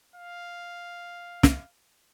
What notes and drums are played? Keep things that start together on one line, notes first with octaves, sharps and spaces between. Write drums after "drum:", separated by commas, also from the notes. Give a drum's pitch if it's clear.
F5
drum: snare